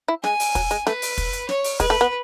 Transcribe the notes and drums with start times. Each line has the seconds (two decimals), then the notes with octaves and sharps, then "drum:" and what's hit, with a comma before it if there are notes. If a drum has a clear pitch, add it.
0.08 E4
0.23 G#3 G#5, drum: snare
0.40 drum: open hi-hat
0.55 F#3, drum: kick, hi-hat
0.71 G#3, drum: hi-hat
0.87 A3 B4, drum: snare
1.02 drum: open hi-hat
1.18 drum: kick, hi-hat
1.33 drum: hi-hat
1.49 C#5, drum: snare
1.64 drum: open hi-hat
1.80 G#3 B4, drum: kick, hi-hat
1.90 A3
2.01 B3